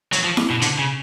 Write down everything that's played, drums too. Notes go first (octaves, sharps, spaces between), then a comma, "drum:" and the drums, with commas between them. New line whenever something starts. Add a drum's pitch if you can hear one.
F#3, drum: hi-hat
F3
drum: snare E4
B2
D3, drum: hi-hat
C#3